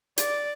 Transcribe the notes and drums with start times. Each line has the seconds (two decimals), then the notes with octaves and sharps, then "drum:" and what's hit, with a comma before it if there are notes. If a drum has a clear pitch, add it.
0.18 D5, drum: hi-hat